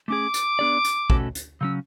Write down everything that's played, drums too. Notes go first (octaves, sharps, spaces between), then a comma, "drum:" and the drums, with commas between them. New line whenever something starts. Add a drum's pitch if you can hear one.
A3 C#4 G#4 D6
drum: hi-hat
B3 D4 G#4 D5
drum: hi-hat
B2 A3 C#4 F#4 A4, drum: kick
drum: hi-hat
C#3 F#3 C#4 E6